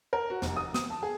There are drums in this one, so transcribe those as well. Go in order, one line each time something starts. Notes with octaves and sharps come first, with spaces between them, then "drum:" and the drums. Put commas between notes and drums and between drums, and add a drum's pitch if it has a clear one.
A#4
F#4
F1, drum: snare
D#6
D#6, drum: snare
A5
G#4